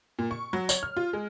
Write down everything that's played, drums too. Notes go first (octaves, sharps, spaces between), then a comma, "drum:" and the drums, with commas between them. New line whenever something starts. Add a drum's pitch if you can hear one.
A#2
C#6
F#3
C#5, drum: tambourine
F6
F4
G#3